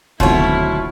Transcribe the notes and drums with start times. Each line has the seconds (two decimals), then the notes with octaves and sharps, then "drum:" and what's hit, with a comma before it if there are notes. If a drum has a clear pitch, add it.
0.20 G#1 D2 B2 F#3 E4 F4 C#5, drum: kick D1